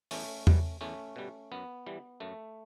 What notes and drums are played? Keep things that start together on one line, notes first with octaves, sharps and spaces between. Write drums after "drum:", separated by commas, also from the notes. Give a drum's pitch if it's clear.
E2 A3 C#4, drum: open hi-hat
B2 G3, drum: tom E2
E2 A3 C#4
B2 G3
F#2 B3
E3 G3
F#2 A3